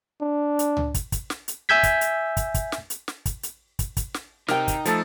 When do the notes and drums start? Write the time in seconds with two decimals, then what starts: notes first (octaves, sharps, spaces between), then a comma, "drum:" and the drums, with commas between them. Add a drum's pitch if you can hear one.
0.21 D4
0.59 drum: hi-hat
0.77 drum: tom C#2
0.94 drum: kick, hi-hat
1.12 drum: kick, hi-hat
1.30 drum: snare
1.48 drum: hi-hat
1.69 E5 G#5 E6 G6 G#6 B6
1.83 drum: kick, hi-hat
2.01 drum: hi-hat
2.37 drum: kick, hi-hat
2.54 drum: kick, hi-hat
2.72 drum: snare
2.90 drum: hi-hat
3.08 drum: snare
3.26 drum: kick, hi-hat
3.43 drum: hi-hat
3.79 drum: kick, hi-hat
3.97 drum: kick, hi-hat
4.14 drum: snare
4.48 C3 D#4 A#4 G5, drum: snare
4.68 drum: kick, hi-hat
4.85 F3 A3 A4 A6, drum: hi-hat